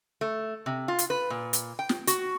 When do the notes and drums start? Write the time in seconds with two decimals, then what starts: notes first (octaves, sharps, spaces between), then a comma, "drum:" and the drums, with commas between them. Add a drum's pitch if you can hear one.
0.21 A3
0.66 C3
0.88 F4
0.99 drum: hi-hat
1.10 B4
1.30 A#2
1.53 drum: hi-hat
1.79 G5
1.89 drum: snare
2.07 F#4, drum: hi-hat